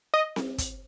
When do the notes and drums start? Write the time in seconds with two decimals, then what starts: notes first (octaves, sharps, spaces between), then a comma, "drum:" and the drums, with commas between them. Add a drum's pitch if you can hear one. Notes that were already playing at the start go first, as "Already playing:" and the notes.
0.14 D#5
0.36 drum: snare C4
0.58 drum: kick, hi-hat